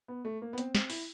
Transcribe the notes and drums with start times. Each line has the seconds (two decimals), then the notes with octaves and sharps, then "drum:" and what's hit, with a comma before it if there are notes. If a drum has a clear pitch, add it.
0.08 B3
0.25 A3
0.42 A#3
0.53 B3
0.58 C4, drum: hi-hat
0.75 C4, drum: snare
0.90 E4, drum: open hi-hat